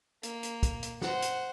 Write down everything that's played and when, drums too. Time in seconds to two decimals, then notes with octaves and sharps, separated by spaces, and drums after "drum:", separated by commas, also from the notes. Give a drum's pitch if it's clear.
0.23 A#3, drum: hi-hat
0.43 drum: hi-hat
0.63 drum: kick, hi-hat
0.83 drum: hi-hat
1.02 C5 F#5, drum: snare
1.22 drum: hi-hat